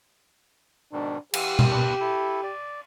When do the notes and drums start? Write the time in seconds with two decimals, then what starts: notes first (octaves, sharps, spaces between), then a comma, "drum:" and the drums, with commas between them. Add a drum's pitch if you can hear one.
0.93 G#2 B2 D#3 D4
1.34 E3 G4 F5 F#5, drum: cymbal
1.59 drum: tom B2
1.71 D4 B4
2.00 E4 A4
2.43 D5